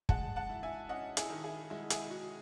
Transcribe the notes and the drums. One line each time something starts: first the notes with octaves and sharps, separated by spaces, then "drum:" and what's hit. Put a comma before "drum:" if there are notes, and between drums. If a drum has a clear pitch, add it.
G#3 F#5 A5, drum: kick
F#5 A5
E4
E5 G#5
C#4 D#5 F#5
E4 G#4, drum: hi-hat
D#3
E4 G#4
G#3 E4
E4 G#4, drum: hi-hat
E4 F#4